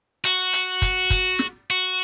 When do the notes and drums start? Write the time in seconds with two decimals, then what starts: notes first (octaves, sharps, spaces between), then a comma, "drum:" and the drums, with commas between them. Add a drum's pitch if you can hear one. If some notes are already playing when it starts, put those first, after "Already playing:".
0.25 F#4, drum: hi-hat
0.53 drum: hi-hat
0.82 drum: kick, hi-hat
1.10 drum: kick, hi-hat
1.39 drum: snare
1.71 F#4